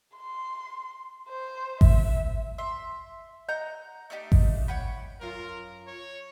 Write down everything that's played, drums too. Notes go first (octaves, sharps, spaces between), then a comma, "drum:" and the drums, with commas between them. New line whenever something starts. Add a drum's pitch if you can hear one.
C6
C5
E5, drum: kick G#1
E5 C6
D#5 F#5 A#5 G6
A3 D4 D#4 G4
drum: kick G#1
C#5 F#5 G5 B5
F#2 F4 A#4
C#5